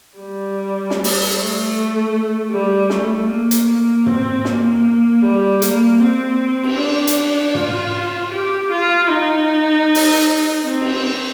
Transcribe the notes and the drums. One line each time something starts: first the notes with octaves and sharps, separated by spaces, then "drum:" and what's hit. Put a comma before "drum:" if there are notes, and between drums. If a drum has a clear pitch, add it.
G3
drum: snare
drum: open hi-hat
A3
G3
A3, drum: snare
A#3
drum: hi-hat
C4, drum: tom
A#3, drum: snare
G3
A#3, drum: hi-hat
C4
drum: cymbal
D4
drum: hi-hat
F4, drum: tom
G4
F4
D#4
drum: open hi-hat
C4
drum: cymbal